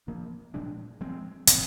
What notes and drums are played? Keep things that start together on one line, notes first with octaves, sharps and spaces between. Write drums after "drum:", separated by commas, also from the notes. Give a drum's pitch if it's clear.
F3 A#3 D4
A#2 F3 G#3 D4
F3 G#3 C4
A#2 F3 G#3 C4, drum: hi-hat